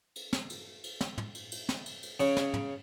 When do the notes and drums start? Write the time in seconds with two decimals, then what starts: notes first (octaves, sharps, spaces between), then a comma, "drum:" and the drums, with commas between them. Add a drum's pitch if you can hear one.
0.16 drum: cymbal
0.33 drum: snare
0.50 drum: cymbal
0.84 drum: cymbal
1.01 drum: snare
1.18 drum: tom
1.35 drum: cymbal
1.52 drum: cymbal
1.69 drum: snare
1.86 drum: cymbal
2.03 drum: cymbal
2.20 C#3, drum: cymbal
2.37 drum: snare
2.54 drum: tom